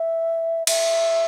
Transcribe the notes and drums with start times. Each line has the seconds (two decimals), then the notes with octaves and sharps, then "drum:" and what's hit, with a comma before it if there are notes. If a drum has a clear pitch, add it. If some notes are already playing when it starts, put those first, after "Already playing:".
Already playing: E5
0.67 E5, drum: cymbal